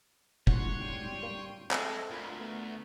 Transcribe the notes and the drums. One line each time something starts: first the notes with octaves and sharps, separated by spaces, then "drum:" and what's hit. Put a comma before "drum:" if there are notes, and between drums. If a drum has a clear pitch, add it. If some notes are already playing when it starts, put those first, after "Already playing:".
C#5 F#5 C6, drum: kick
G3 G5 C6 D#7
A#3
G#3 C4 A4 D#5 E5 A5, drum: clap
D2 F4 A#4 B5 C6
A3 B3